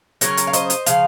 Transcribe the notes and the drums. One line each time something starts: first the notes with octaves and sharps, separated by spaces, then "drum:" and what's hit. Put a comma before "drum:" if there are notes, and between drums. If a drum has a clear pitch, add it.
C#3 F#3 C#4 A#4 C#5, drum: hi-hat
drum: hi-hat
F5
C5 D#5, drum: hi-hat
drum: hi-hat
C#3 F3 F5, drum: hi-hat